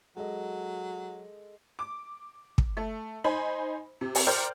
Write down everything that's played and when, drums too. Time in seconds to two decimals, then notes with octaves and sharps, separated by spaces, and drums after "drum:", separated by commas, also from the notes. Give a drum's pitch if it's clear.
0.17 F#3 G#3 A4 D#5
1.79 D6
2.58 drum: kick
2.77 A3
3.24 D#4 C5 G#5 B5
4.01 C3
4.15 drum: open hi-hat
4.26 A#4 C5 D5 G5 F6 G6